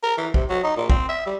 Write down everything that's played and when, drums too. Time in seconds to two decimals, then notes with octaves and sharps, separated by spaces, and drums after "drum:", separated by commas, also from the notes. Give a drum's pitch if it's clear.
0.03 A#4
0.18 E3
0.34 C3, drum: kick
0.49 F#3
0.64 D#4
0.77 A#2
0.90 C4, drum: kick
1.09 E5
1.26 G3